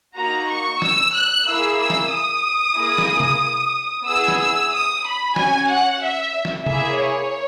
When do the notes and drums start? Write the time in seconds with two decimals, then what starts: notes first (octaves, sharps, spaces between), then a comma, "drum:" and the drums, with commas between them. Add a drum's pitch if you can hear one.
0.16 A#3 D#4 F#4 A#5
0.49 C#6
0.82 E6, drum: snare
1.14 F#6
1.46 A#3 E4 G#4 E6
1.79 E6
1.90 drum: snare
2.12 D#6
2.76 A#3 E4 G#4
2.98 drum: snare
3.20 drum: tom C3
4.06 B3 E4 G#4 E6
4.28 drum: snare
4.39 E6
4.71 D#6
5.04 B5
5.36 C#4 F#4 G#5, drum: snare
5.69 F#5
6.02 E5
6.45 drum: snare
6.66 A#3 E4 G#4 E5, drum: tom C3
6.98 C#5